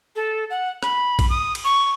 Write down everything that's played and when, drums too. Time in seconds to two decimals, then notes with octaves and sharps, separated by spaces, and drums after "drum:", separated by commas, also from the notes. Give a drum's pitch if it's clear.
0.16 A4
0.50 F#5
0.83 B5, drum: rim click
1.19 drum: kick B1, cymbal
1.30 D#6
1.55 drum: cymbal
1.65 C#6